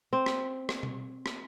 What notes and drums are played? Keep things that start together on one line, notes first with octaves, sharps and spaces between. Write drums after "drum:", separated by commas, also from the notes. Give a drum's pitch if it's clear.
C4
drum: rim click
drum: rim click
drum: tom B2
drum: rim click